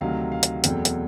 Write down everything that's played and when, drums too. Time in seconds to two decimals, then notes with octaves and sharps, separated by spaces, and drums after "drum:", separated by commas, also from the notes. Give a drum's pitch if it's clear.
0.01 D2 C3 D#3 F#3 F5
0.32 F5
0.43 drum: hi-hat
0.64 E2 B2 F#3 A3 C4 G5, drum: hi-hat
0.85 drum: hi-hat